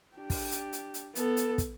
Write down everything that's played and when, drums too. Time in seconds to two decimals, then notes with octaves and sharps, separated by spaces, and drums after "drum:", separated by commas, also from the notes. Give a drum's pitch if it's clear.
0.16 D4 G4
0.30 drum: kick, open hi-hat
0.51 drum: hi-hat
0.73 drum: hi-hat
0.94 drum: hi-hat
1.15 B3 A4, drum: hi-hat
1.37 drum: hi-hat
1.58 drum: kick, hi-hat